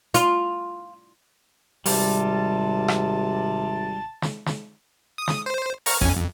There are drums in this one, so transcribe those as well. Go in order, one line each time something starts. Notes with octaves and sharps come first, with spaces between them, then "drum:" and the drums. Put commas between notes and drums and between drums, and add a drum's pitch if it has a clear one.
F4, drum: hi-hat
G#1 C3 G3 A5, drum: open hi-hat
drum: rim click
drum: snare
drum: snare
D#6
drum: snare
C5
A#5 C#6 F6, drum: open hi-hat
F2 C#4 G#5, drum: kick A1
F2